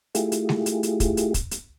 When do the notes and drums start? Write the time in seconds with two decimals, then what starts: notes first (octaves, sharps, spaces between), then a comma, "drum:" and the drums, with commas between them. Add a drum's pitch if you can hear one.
0.15 A3 E4 F4 G4 G#4, drum: hi-hat
0.32 drum: hi-hat
0.49 drum: snare G#3
0.66 drum: hi-hat
0.83 drum: hi-hat
1.00 drum: kick, hi-hat
1.17 drum: hi-hat
1.34 drum: kick, hi-hat
1.51 drum: hi-hat